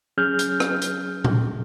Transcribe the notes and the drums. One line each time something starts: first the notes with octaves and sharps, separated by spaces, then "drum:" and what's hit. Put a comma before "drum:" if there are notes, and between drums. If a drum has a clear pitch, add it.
F#3 C#4 G#4 F6 G6
drum: hi-hat
drum: rim click
drum: hi-hat
drum: tom A#2